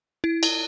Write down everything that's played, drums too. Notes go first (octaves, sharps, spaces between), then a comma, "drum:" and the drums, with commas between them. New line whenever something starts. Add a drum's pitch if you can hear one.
E4
drum: cymbal